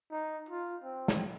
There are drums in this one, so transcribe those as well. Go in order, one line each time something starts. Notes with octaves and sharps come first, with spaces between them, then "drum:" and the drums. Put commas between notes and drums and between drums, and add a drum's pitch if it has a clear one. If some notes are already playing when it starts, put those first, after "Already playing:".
D#4
F4
C4
drum: snare